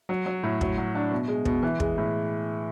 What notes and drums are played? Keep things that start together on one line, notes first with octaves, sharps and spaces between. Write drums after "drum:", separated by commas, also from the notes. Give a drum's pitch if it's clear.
F#3
F#3
A2
F#3, drum: kick
F#3
D4
B2
G#3
B2, drum: kick
E3
G#3, drum: kick
A2